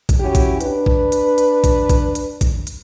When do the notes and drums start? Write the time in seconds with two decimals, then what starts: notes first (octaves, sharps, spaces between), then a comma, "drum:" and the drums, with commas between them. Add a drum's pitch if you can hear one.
0.09 drum: kick, hi-hat
0.20 C#4 E4 F#4 G4
0.35 drum: kick, hi-hat
0.61 D4 B4, drum: hi-hat
0.86 drum: kick
1.12 drum: hi-hat
1.38 drum: hi-hat
1.64 drum: kick, hi-hat
1.89 drum: kick, hi-hat
2.15 drum: hi-hat
2.41 drum: kick, hi-hat
2.67 drum: hi-hat